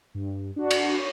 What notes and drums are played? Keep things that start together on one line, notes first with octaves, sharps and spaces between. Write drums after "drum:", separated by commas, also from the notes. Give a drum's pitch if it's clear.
G2
D4 F#4
drum: cymbal
C#5